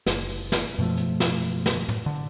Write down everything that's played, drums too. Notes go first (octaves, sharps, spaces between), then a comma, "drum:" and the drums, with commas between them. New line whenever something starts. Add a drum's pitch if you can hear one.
F#1, drum: snare
drum: open hi-hat
drum: snare
F#2 B2 F3 A3
drum: hi-hat
drum: snare
drum: hi-hat
drum: snare
drum: tom
D3